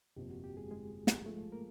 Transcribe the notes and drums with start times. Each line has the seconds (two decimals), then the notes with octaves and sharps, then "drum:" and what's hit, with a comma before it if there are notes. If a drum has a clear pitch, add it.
0.16 G1 F2 C3 F3 A#3 G4
0.30 F#4
0.44 G4
0.57 G#3 G#4
0.71 G#3 G#4
1.07 drum: snare
1.25 G#2 F3 G#3 A3 A4
1.52 A#3 A#4